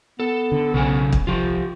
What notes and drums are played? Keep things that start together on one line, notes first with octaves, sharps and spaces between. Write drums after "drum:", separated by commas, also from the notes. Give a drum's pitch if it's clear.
B3 A4
D3
B1 C#3 A4 G#5
drum: kick
C2 F3 F4 G4